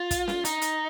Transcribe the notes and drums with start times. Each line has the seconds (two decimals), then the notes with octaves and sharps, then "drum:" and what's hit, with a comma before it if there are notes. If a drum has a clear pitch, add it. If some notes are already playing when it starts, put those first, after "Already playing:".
Already playing: F4
0.11 drum: kick, hi-hat
0.28 drum: snare
0.45 D#4, drum: hi-hat
0.62 drum: hi-hat